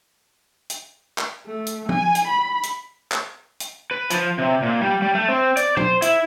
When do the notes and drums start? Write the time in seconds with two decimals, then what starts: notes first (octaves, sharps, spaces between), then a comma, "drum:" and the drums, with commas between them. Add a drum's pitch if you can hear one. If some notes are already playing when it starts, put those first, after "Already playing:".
0.70 drum: hi-hat
1.18 drum: clap
1.46 A3
1.67 drum: hi-hat
1.89 G#5, drum: tom
2.15 drum: hi-hat
2.27 B5
2.63 drum: hi-hat
3.12 drum: clap
3.60 drum: hi-hat
3.91 B4
4.10 F3, drum: hi-hat
4.38 C3
4.62 A#2
4.81 G3
5.02 G3
5.15 A3
5.29 C4
5.57 D5, drum: hi-hat
5.77 C5, drum: tom
6.02 E4, drum: hi-hat